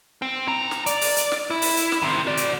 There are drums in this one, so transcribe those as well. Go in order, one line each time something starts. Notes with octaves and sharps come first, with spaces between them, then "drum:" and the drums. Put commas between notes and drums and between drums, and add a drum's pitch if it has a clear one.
C4
E4 A#5
drum: snare
D5, drum: hi-hat
drum: open hi-hat
drum: hi-hat
drum: snare
E4
drum: open hi-hat
drum: hi-hat
drum: snare
D#3 C4
F#4 D5
drum: hi-hat